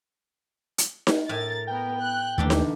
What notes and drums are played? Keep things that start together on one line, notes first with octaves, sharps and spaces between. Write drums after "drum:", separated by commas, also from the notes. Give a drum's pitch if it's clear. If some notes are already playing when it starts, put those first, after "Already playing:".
drum: hi-hat
drum: snare D#4
A2 A#4 E5 G#5 A6
B3 A#4 G5
F#6
D#2 D3 E3 A3 A#3 D4 G4 A4
drum: snare D#4